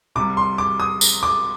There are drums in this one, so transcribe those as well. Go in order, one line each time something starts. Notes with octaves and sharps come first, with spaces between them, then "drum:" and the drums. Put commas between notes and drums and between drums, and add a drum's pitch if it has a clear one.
C2 C3 G3 D6
C6
D6
D#6
drum: tambourine
D6